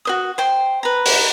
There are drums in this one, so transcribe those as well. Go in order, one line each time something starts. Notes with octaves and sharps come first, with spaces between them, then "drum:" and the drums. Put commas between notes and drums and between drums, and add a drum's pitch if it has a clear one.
F#4 C5 D#6
C5 G5 C6
B4 A#5
drum: open hi-hat